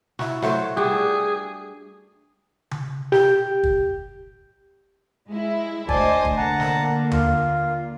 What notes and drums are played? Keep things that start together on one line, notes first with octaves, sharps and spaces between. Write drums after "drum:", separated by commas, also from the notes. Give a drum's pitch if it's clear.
E4 F#4, drum: snare
F#3 A3 C5, drum: snare
G3 D4 F#4 G#4
drum: tom C#3
G4, drum: snare
drum: kick
G#3 E4
D2 C5 D5 D#5 G#5 A5, drum: kick
drum: kick
D3 A#3 F#5 A5 A#5
drum: snare
F4, drum: tom D#2